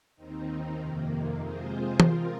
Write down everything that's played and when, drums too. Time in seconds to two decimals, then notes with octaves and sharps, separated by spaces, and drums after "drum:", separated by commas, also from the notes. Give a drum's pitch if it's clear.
0.16 D#2 D#3 C4 D#4
0.78 F2 C3 D#3 A#3
1.39 C3 G#3 F4 G#4 C5
2.00 F3 C4 F4 A#4, drum: tom